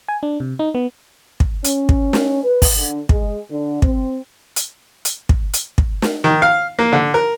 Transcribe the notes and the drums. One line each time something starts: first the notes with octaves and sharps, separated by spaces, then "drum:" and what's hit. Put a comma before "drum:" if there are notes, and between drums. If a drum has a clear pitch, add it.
G#5
D4
C3
D#4
B3
drum: kick
C#4, drum: hi-hat
drum: kick
drum: snare
B4
drum: kick, open hi-hat
D3
G#3, drum: kick
D3
C4, drum: kick
drum: hi-hat
drum: hi-hat
drum: kick
drum: hi-hat
drum: kick
drum: snare
D#3
F5
A#3
D3
A#4